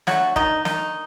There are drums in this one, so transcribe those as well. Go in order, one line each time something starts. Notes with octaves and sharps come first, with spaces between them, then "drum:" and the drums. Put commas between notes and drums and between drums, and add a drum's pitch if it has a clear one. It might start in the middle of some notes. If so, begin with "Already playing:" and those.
D3 F#3 A3 F#4, drum: snare
D#3 D#4, drum: kick
D#3 D#4, drum: snare